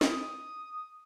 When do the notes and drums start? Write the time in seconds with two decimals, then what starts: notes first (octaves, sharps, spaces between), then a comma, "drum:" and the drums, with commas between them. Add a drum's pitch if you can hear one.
0.01 D#6, drum: snare